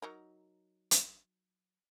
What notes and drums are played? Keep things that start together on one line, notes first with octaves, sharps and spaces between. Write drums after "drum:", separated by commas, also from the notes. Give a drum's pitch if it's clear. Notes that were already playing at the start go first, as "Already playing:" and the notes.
F#3 D#4 A#4
drum: hi-hat